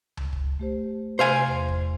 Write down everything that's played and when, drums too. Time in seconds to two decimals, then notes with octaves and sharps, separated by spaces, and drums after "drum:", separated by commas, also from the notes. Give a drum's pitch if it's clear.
0.17 drum: tom C#2
0.33 drum: kick
0.59 A3 G4 C5
1.19 C3 C5 F5 G#5
1.47 E2
1.68 drum: kick